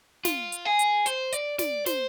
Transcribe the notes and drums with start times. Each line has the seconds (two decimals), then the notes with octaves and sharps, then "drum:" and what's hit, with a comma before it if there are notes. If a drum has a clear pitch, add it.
0.25 F4, drum: snare
0.52 drum: hi-hat
0.65 G#4
0.79 drum: hi-hat
1.06 C5, drum: hi-hat
1.32 D5, drum: hi-hat
1.59 D5, drum: snare
1.86 C5, drum: snare